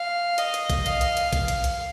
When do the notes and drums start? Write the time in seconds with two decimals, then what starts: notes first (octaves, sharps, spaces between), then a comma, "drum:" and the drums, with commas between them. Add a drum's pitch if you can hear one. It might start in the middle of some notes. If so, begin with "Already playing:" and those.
Already playing: F5
0.38 D#5, drum: hi-hat
0.54 drum: hi-hat
0.70 drum: kick B1, hi-hat
0.86 F5, drum: hi-hat
1.01 drum: hi-hat
1.17 drum: hi-hat
1.33 F5, drum: kick B1, hi-hat
1.48 drum: hi-hat
1.64 drum: hi-hat